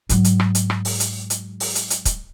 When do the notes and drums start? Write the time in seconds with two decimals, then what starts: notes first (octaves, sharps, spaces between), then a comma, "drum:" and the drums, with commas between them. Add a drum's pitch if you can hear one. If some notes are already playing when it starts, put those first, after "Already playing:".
0.09 G#2 F#3, drum: hi-hat
0.24 drum: hi-hat
0.40 drum: rim click
0.55 drum: hi-hat
0.70 drum: rim click
0.85 drum: open hi-hat
1.00 drum: hi-hat
1.30 drum: hi-hat
1.60 drum: open hi-hat
1.75 drum: hi-hat
1.90 drum: hi-hat
2.05 drum: kick, hi-hat